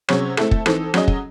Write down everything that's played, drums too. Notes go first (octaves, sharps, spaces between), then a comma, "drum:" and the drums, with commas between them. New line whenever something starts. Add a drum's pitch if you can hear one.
C3 F#3 C#4 G#4 C#5, drum: rim click
A3 C4 E4 A4, drum: rim click
drum: kick
E3 C4 D#4 A4, drum: rim click
F#3 C#4 G#4 D#5, drum: rim click
drum: kick